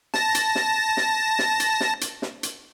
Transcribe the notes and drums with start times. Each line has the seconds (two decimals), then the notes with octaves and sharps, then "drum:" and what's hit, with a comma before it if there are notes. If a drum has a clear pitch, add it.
0.14 A5 A#6, drum: snare
0.35 drum: hi-hat
0.55 drum: snare
0.97 drum: snare
1.39 drum: snare
1.60 drum: hi-hat
1.80 drum: snare
2.01 drum: hi-hat
2.22 drum: snare
2.43 drum: hi-hat